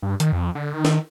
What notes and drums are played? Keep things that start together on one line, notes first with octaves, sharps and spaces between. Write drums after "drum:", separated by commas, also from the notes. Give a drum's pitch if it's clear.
G2
D#3, drum: hi-hat
F2
D3
D#3
drum: snare